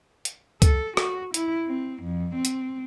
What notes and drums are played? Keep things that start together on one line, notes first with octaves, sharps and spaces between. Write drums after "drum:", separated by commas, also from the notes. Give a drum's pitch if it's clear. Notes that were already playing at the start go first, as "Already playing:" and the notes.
drum: hi-hat
A4, drum: kick C#2, hi-hat
F#4, drum: rim click
E4, drum: hi-hat
C4
F2
C4
drum: hi-hat